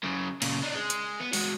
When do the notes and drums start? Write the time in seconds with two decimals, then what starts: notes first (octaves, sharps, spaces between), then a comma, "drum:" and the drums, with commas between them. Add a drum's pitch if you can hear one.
0.03 F#2 C#3
0.42 A#2 C#3, drum: cymbal
0.64 D4 D#4
0.75 G#3
0.90 drum: hi-hat
1.20 B3
1.33 G#3 F#4, drum: open hi-hat